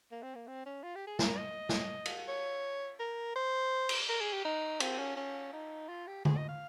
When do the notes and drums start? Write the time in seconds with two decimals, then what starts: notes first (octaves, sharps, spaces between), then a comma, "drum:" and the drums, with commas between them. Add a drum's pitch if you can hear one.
0.12 A#3
0.22 C4
0.35 A#3
0.47 C4
0.66 C#4
0.83 F4
0.95 G4
1.07 G#4
1.19 A#4, drum: snare
1.37 D#5
1.69 drum: snare
2.05 drum: cymbal
2.28 C#5
2.99 A#4
3.35 C5
3.89 drum: cymbal
4.09 A#4
4.21 G#4
4.33 G4
4.45 D#4
4.80 C4, drum: cymbal
4.99 C#4
5.16 C#4
5.53 D#4
5.88 F4
6.07 G4
6.25 G#4, drum: tom D3
6.36 D#5
6.49 F5